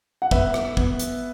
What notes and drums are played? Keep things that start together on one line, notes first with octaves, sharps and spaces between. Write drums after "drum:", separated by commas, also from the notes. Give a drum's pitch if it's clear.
F#5
B3 B4 E5, drum: kick
drum: rim click
B3, drum: kick
drum: hi-hat